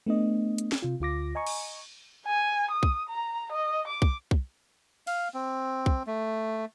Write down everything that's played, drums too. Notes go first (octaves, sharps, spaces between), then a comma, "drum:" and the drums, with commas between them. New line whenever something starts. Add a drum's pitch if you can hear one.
A3 B3 D4 D#5
drum: hi-hat
drum: snare
C3 F4
D2 F4 D6 A#6
D#5 G#5 A#5 C#6
drum: cymbal
G#5
D#6
drum: kick B1
A#5
D#5
D6
drum: kick B1
drum: kick B1
F5, drum: cymbal
C4
drum: kick B1
A3